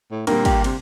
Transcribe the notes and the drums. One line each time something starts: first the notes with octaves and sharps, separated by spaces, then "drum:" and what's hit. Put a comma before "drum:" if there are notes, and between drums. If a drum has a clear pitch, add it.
A2
A#2 D3 G3 A#3 C4, drum: cymbal
G4, drum: kick, cymbal
C3, drum: cymbal